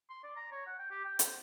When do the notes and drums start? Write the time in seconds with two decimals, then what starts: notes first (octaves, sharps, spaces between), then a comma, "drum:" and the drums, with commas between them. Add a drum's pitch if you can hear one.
0.10 C6
0.23 D5
0.36 A#5
0.52 C#5
0.66 F#5
0.79 G5
0.91 G4
1.05 G5
1.19 C5, drum: hi-hat